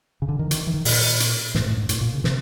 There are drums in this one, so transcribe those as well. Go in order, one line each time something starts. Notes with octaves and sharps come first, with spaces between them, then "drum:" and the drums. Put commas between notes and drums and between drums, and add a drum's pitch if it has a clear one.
C#3
D3
D#3
D#3, drum: hi-hat
E3
D#3
A#2, drum: open hi-hat
drum: hi-hat
A2, drum: snare
A2
G#2
A2, drum: hi-hat
A#2
C#3
C3, drum: snare